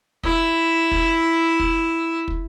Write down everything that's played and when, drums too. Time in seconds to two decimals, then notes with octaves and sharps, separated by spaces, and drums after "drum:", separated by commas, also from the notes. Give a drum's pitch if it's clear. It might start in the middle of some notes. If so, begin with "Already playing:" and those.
0.23 E4 E5, drum: kick
0.92 drum: kick
1.60 drum: kick
2.28 drum: kick